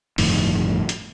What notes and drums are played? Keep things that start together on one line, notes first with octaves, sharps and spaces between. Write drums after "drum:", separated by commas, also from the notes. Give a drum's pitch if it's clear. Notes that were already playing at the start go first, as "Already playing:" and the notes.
G1 F2 A2 D#3, drum: open hi-hat
drum: hi-hat